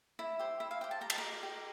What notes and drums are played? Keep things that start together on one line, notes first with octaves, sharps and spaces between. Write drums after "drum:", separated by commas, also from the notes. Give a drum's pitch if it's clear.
E4 E5
G4 C5
E4 E5
F5
G4 C5 G5
A5
G4 A#5
A5, drum: cymbal
D5 A#5
G4